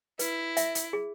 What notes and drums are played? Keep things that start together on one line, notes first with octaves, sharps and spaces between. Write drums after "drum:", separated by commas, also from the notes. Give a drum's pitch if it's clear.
E4 B4, drum: hi-hat
E5, drum: hi-hat
drum: hi-hat
G#4